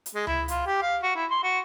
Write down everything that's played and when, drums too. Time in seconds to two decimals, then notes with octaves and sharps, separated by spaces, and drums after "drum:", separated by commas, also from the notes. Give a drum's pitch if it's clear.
0.06 drum: hi-hat
0.15 G#3
0.27 E4, drum: tom C#2
0.48 F4, drum: hi-hat
0.66 G4
0.82 F5
1.03 F#4
1.16 E4
1.30 C6
1.43 F#4